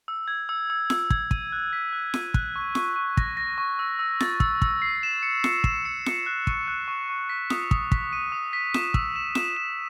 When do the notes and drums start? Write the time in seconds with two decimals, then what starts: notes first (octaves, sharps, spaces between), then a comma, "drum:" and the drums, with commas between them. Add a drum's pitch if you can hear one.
0.08 E6
0.28 G#6
0.49 E6
0.70 E6
0.90 E6, drum: snare F4
1.10 G#6, drum: kick
1.31 D#7, drum: kick
1.52 F#6
1.73 B6
1.93 F#6
2.14 D#7, drum: snare F4
2.34 F#6, drum: kick
2.56 C#6
2.75 C#6, drum: snare F4
2.96 C#6
3.17 A#6, drum: kick
3.37 A#6
3.58 C#6
3.79 E6
3.99 E6
4.20 A6, drum: snare F4
4.40 E6, drum: kick
4.62 E6, drum: kick
4.82 C7
5.03 E7
5.23 C#7
5.44 C#7, drum: snare F4
5.64 E7, drum: kick
5.85 C#7
6.06 C#7, drum: snare F4
6.26 F#6
6.47 C#6, drum: kick
6.68 F#6
6.88 C#6
7.09 C#6
7.29 B6
7.50 D#6, drum: snare F4
7.71 D#6, drum: kick
7.92 B6, drum: kick
8.13 D#7
8.32 D#6
8.53 B6
8.74 E7, drum: snare F4
8.94 E6, drum: kick
9.16 E7
9.35 E7, drum: snare F4
9.57 E7